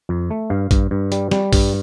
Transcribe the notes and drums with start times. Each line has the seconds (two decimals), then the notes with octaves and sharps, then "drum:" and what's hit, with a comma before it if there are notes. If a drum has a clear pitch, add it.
0.09 F2
0.30 A3
0.50 G2 F5
0.71 G2, drum: kick, hi-hat
0.91 G2
1.12 G3, drum: hi-hat
1.31 G3, drum: snare
1.53 G2, drum: kick, open hi-hat